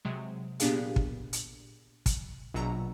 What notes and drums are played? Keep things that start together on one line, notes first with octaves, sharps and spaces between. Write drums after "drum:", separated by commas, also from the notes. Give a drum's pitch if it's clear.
C3 F#3 G#3
A#2 B3 D4 G4 G#4 F5, drum: hi-hat
drum: kick
drum: hi-hat
drum: kick, hi-hat
A#1 B2 F#3 A#5 E6